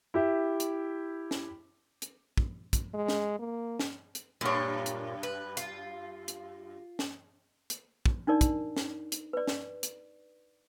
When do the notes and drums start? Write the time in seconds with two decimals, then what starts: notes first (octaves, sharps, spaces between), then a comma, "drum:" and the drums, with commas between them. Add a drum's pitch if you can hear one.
0.14 E4 G4 E5
0.60 drum: hi-hat
1.31 drum: snare
2.02 drum: hi-hat
2.37 drum: kick
2.73 drum: kick, hi-hat
2.94 G#3
3.08 drum: snare
3.39 A#3
3.79 drum: snare
4.15 drum: hi-hat
4.41 F#2 A#2 G3 D4 C#5
4.86 drum: hi-hat
5.23 B4
5.57 F4, drum: hi-hat
6.28 drum: hi-hat
6.99 drum: snare
7.70 drum: hi-hat
8.06 drum: kick
8.27 D4 D#4 A#4 D5
8.41 drum: kick, hi-hat
8.77 drum: snare
9.12 drum: hi-hat
9.33 B4 D5
9.48 drum: snare
9.83 drum: hi-hat